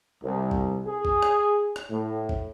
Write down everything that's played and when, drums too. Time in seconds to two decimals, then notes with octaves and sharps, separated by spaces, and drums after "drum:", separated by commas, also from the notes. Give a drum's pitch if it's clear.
0.24 C2
0.51 drum: kick
0.87 G#4
1.05 drum: kick
1.22 drum: rim click
1.76 drum: rim click
1.91 A2
2.29 drum: kick